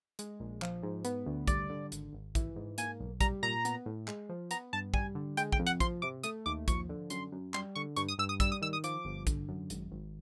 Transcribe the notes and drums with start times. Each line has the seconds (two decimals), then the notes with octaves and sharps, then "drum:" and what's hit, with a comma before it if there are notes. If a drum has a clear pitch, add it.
0.19 G#3, drum: hi-hat
0.39 A#1
0.62 F3, drum: clap
0.83 G#2
1.05 B3, drum: hi-hat
1.26 D2
1.48 G3 D5, drum: kick, hi-hat
1.70 D3
1.92 G#1, drum: hi-hat
2.13 G#1
2.35 E3, drum: kick, hi-hat
2.56 G#2
2.78 A#3 G#5, drum: hi-hat
3.00 B1
3.21 G3 A#5, drum: kick, hi-hat
3.43 A#2 A#5
3.65 B3, drum: hi-hat
3.86 A2
4.08 G#3, drum: clap
4.29 F3
4.51 B3 A#5, drum: hi-hat
4.73 G2 A5
4.94 G3 G#5, drum: kick
5.15 D3
5.37 G#3 G5, drum: hi-hat
5.52 G5, drum: kick
5.59 F2
5.67 F#5, drum: hi-hat
5.80 F3 C6, drum: kick, hi-hat
6.02 C3 D6
6.23 A3 D#6, drum: hi-hat
6.46 D#2 D6
6.68 F3 C#6, drum: kick, hi-hat
6.89 D3
7.10 F#2 C6, drum: hi-hat
7.32 F#2
7.54 G3 C6, drum: clap
7.75 D3 C#6
7.96 G2 C#6, drum: hi-hat
8.08 D#6
8.18 G2 E6
8.29 D#6
8.40 G3 E6, drum: kick, hi-hat
8.52 D#6
8.61 D#3 E6
8.73 D#6
8.84 F3 D6, drum: hi-hat
9.05 G1
9.27 D3, drum: kick, hi-hat
9.48 F#2
9.70 G#1, drum: hi-hat
9.92 G#1